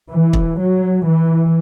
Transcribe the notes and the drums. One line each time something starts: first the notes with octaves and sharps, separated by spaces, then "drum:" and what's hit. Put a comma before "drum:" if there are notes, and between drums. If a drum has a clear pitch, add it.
E3
drum: kick
F#3
E3